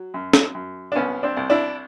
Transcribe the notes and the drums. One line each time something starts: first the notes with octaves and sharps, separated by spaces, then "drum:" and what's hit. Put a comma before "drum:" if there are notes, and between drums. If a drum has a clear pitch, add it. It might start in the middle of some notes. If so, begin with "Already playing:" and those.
Already playing: F#3
F#2
drum: snare
F#2
D4
C2 B3 C#4
C4 D4
C2
D4 E4